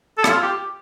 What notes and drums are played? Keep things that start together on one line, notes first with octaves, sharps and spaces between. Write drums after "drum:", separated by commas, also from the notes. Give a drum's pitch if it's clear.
A4
E4, drum: rim click
F4
G4